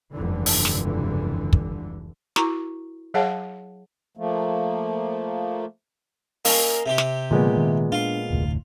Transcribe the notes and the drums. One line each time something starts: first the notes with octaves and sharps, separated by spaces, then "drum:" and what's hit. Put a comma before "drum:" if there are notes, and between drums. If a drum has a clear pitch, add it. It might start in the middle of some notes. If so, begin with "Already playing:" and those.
F1 C#2 G2 D3 E3
drum: open hi-hat
drum: snare
drum: kick
E4 F#4 A#4 A#5 C#6, drum: snare
F#3 G#4 C#5 F5 F#5 A5
F3 A3 A#3
A#3 C#4 D#5, drum: open hi-hat
C3 G4
drum: snare
A#2 D3 F3 G#3 B3
D#3
D4 F4
F1 D2 A2